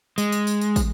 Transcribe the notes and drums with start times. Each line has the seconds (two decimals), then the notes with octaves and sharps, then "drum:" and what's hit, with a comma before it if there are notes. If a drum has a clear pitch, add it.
0.18 G#3, drum: tambourine
0.32 drum: tambourine
0.47 drum: tambourine
0.61 drum: tambourine
0.76 drum: kick, tambourine